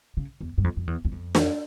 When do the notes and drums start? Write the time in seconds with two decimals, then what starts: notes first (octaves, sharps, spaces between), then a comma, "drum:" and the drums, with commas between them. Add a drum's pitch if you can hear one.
0.17 C#3
0.41 E2
0.58 G2
0.64 F2
0.77 F2
0.87 E2
1.05 E2
1.12 F2
1.35 drum: snare